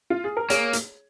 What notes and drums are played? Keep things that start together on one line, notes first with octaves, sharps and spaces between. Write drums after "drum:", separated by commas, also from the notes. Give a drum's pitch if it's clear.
F4
G#4
A#4
A#3 G#4 C#5, drum: hi-hat
drum: hi-hat